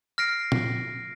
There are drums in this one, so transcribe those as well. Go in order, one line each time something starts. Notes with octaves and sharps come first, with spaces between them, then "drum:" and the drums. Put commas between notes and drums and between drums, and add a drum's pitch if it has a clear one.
F6 A#6 C7 D7
drum: tom A#2